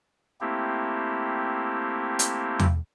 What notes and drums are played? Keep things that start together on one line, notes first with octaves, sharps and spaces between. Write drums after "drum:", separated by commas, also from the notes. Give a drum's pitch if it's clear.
A3 A#3 C4 E4 G4
drum: hi-hat
drum: tom E2